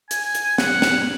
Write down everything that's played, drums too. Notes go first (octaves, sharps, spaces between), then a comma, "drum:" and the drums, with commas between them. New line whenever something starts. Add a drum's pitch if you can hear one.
G#5, drum: hi-hat
drum: hi-hat
F#5, drum: snare
drum: snare